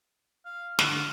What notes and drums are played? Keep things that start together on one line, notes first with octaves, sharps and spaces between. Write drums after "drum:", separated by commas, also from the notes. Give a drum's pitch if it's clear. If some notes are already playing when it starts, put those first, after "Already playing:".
F5
D3 F4 E6 F#6, drum: snare